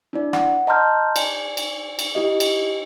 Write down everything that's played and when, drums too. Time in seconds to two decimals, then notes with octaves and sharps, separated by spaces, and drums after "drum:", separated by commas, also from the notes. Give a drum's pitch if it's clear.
0.13 D4 E4 D5
0.33 F#5, drum: rim click
0.67 D#5 A5 A#5 C6 F6 G6
1.16 D5 G#5, drum: cymbal
1.57 drum: cymbal
1.99 drum: cymbal
2.15 E4 G4 D#5
2.40 drum: cymbal